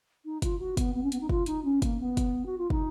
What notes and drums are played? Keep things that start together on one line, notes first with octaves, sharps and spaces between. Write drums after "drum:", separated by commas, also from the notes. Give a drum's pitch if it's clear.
D#4
F4, drum: kick, hi-hat
F#4
B3, drum: kick, hi-hat
B3
C#4
B3, drum: hi-hat
D#4
F4, drum: kick
D#4, drum: hi-hat
C#4
A#3, drum: kick, hi-hat
B3
drum: kick, hi-hat
F#4
F4
D#4, drum: kick